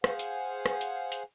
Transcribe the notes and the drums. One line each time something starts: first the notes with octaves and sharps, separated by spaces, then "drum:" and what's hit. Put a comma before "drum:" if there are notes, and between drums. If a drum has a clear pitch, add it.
G#4 C5 F5 F#5 G#5, drum: rim click
drum: hi-hat
drum: rim click
drum: hi-hat
drum: hi-hat